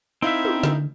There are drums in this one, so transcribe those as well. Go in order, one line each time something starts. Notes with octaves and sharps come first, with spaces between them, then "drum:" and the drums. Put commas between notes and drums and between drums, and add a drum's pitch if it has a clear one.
C4 D#4 E4 E5 F5
drum: tom
D3, drum: snare